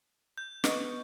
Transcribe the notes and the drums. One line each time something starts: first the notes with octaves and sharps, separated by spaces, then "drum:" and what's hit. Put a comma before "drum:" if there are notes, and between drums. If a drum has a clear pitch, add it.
G6
B3 D#5 C#6, drum: snare